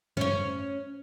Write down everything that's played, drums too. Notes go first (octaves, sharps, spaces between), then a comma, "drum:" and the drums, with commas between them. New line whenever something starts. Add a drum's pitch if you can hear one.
C#4 C#5, drum: tom